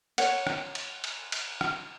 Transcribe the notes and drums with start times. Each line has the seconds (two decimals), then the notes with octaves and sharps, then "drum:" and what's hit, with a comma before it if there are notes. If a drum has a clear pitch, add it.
0.18 C#5 F#5, drum: cymbal
0.47 drum: rim click
0.75 drum: cymbal
1.04 drum: cymbal
1.32 drum: cymbal
1.61 drum: rim click